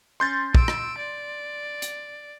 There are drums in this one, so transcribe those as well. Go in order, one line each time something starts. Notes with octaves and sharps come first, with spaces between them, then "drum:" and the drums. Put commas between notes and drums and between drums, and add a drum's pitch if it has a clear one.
C#4 C6 G6 A6
E6 D7, drum: kick
drum: rim click
D5
drum: hi-hat